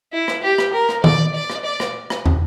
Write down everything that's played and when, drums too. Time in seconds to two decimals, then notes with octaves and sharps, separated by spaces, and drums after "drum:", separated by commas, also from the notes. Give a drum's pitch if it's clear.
0.13 E4
0.28 drum: rim click
0.43 G4
0.58 drum: rim click
0.73 A#4
0.89 drum: rim click
1.04 D5, drum: tom D#3
1.34 D5
1.50 drum: rim click
1.65 D5
1.80 drum: rim click
2.10 drum: rim click
2.26 drum: tom